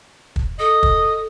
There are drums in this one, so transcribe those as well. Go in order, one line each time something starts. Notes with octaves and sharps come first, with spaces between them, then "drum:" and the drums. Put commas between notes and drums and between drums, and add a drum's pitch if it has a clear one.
drum: kick
A4 D#5
drum: kick